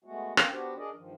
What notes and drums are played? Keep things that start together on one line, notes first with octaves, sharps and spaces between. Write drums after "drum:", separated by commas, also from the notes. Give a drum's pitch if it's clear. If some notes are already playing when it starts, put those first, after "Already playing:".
G#3 A3 B3 F#4
C#4 D4 A#4 F5 G5, drum: rim click
B3 D4 F#4 G4 C5
D4 G#4 A#4 D5 D#5
G2 D#3 F3